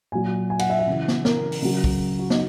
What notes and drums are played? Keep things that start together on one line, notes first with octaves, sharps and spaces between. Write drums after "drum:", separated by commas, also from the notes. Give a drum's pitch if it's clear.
A#2 F#3 G#5
G#5
F#5, drum: cymbal
E5
F#5
C#3 E3
drum: snare
A#4, drum: snare
drum: open hi-hat
C#3 F#3
drum: kick
F#4
D#4, drum: snare